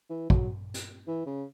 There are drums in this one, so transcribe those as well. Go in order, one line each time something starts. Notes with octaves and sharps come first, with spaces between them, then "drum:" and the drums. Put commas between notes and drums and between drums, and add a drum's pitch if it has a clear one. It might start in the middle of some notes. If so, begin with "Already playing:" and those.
E3
F#3, drum: kick
drum: hi-hat
E3
C#3